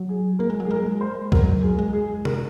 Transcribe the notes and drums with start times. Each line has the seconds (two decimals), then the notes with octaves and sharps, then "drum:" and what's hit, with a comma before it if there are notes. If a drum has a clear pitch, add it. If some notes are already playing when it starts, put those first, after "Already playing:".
Already playing: F#3
0.09 G#4
0.39 A#3 A#4
0.50 G#3
0.60 F#3
0.65 G#4
0.71 G#3 A#4
0.86 G#3
1.01 C5
1.32 F#3 A#4, drum: kick
1.62 G#4
1.79 G#3
1.93 G#4
2.25 A#4, drum: tom C3